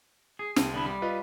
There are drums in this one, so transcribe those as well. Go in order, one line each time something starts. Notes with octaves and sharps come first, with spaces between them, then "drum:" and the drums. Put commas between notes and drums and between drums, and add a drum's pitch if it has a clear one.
G#4
C2 C4 A5 D#7, drum: snare
D3 B3 E4
G3
F4 B4 D#5